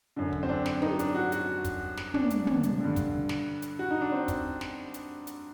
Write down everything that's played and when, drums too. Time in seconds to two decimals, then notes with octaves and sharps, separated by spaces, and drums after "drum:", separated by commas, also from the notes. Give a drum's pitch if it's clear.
0.16 F#2 D3
0.33 drum: kick
0.43 C4
0.49 D4
0.66 drum: snare
0.82 D#4, drum: tom
0.99 D4, drum: hi-hat
1.15 F#4
1.32 F#4, drum: hi-hat
1.64 drum: kick, hi-hat
1.97 drum: snare
2.14 D4, drum: tom
2.30 drum: hi-hat
2.47 drum: tom
2.63 drum: hi-hat
2.80 G2 D3
2.96 drum: kick, hi-hat
3.29 drum: snare
3.62 drum: hi-hat
3.79 F#4
3.90 D#4
4.01 D4
4.12 C4
4.28 drum: kick, hi-hat
4.61 drum: snare
4.94 drum: hi-hat
5.27 drum: hi-hat